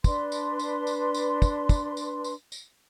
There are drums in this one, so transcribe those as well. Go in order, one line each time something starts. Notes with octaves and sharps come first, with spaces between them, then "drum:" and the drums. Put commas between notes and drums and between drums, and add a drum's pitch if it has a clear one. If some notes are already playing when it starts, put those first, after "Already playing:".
D4 B4 C6, drum: kick, tambourine
drum: tambourine
drum: tambourine
drum: tambourine
drum: tambourine
drum: kick, tambourine
drum: kick, tambourine
drum: tambourine
drum: tambourine
drum: tambourine